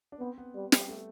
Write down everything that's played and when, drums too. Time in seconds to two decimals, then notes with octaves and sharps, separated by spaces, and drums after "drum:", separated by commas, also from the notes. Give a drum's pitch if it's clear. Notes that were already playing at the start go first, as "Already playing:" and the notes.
0.12 D4
0.20 B3 C4
0.38 B3
0.55 G3
0.72 G3, drum: snare
0.89 A3